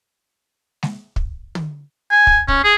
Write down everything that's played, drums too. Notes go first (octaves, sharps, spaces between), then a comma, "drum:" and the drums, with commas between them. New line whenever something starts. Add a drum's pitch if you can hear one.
drum: snare
drum: kick
drum: tom
G#5
drum: kick
C#4, drum: kick
G#4